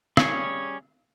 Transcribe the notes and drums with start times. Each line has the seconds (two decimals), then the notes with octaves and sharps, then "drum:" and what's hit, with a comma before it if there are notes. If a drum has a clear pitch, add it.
0.17 G3 C#4 G#4 C#5, drum: rim click